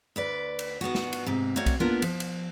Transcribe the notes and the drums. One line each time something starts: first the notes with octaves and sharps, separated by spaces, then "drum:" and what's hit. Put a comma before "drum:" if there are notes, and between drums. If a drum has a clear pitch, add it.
D2 B4 D5
drum: cymbal
D#3 B3 D4 F#4
drum: snare
drum: cymbal
G#2 C3
A3 A#3 C4 F#4 C#5 D5
drum: kick B1, cymbal
A#3 B3 D4 F4 A#4
F3, drum: cymbal
drum: cymbal